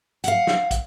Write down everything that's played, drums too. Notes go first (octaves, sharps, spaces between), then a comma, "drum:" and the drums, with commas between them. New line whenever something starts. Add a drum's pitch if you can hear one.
F5 F#5, drum: hi-hat
drum: snare
drum: kick, hi-hat